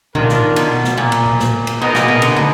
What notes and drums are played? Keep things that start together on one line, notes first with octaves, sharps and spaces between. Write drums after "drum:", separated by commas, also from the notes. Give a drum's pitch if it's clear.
D#3 D4 F4 A#4, drum: tom A2
drum: snare
B2, drum: cymbal
drum: snare
A#2
drum: cymbal
drum: tom A2
drum: snare
drum: cymbal
B2 G#3 B3 D#4 A#4 D#5
A#2, drum: snare
B2
D3, drum: cymbal
B2, drum: tom